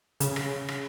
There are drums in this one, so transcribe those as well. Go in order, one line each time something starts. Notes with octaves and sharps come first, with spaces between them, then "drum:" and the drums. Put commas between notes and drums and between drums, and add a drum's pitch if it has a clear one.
C#3, drum: hi-hat
drum: rim click
drum: rim click